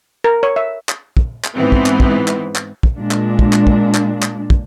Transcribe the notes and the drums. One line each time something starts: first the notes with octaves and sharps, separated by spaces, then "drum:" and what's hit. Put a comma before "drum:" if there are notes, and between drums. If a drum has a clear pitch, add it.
A#4
C#5
E5
drum: clap
drum: kick
drum: clap
G#2 E3 B3 C4
drum: kick
drum: clap
drum: kick
drum: clap
drum: clap
drum: kick
A#2 G#3 D4
drum: clap
drum: kick
drum: clap
drum: kick
drum: clap
drum: clap
drum: kick